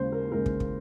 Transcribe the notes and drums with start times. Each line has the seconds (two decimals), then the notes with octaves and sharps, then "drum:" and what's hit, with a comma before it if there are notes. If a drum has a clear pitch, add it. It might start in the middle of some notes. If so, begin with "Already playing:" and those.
Already playing: D#2 C#3 G#3 C5
0.12 A#4
0.32 D#2 C#3 G#3 A#4
0.46 drum: kick
0.60 drum: kick